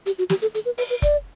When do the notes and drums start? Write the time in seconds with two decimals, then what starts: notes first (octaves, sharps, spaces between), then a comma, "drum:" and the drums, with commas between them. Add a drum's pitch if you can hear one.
0.06 G4, drum: hi-hat
0.18 F#4
0.30 G4, drum: snare
0.42 A4
0.54 A4, drum: hi-hat
0.65 B4
0.78 B4, drum: open hi-hat
0.90 B4
1.02 D5, drum: kick F#1, hi-hat